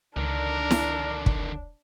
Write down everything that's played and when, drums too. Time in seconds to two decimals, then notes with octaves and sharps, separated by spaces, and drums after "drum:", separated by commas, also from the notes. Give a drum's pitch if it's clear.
0.17 C#2 D3 D#3 D4 A#4
0.71 drum: snare E4
1.26 drum: kick